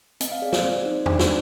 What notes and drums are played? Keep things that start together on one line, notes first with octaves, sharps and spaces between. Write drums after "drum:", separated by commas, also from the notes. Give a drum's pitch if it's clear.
C4 D#5, drum: hi-hat
F5
G#4 D5
C5, drum: snare
C4 D5
D#4
D4 C5, drum: tom E2
D5, drum: snare